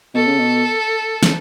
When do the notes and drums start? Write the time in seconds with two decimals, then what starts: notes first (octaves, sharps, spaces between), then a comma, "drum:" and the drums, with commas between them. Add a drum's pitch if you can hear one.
0.15 B2 A4
0.26 C#3
0.38 B2
1.23 C#3, drum: snare